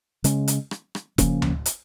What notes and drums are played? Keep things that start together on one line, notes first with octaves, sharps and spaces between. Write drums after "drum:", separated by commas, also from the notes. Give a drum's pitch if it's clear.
C#3 G#3 C#4, drum: hi-hat
drum: hi-hat
drum: rim click
drum: rim click
C#3 F3 A#3 C#4, drum: kick E1, hi-hat
drum: tom D2
drum: hi-hat